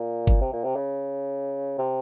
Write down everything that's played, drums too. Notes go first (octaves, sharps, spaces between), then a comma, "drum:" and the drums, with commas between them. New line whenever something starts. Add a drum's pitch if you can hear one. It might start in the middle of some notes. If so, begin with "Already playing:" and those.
Already playing: A#2
drum: kick G1
C3
A#2
C3
C#3
C3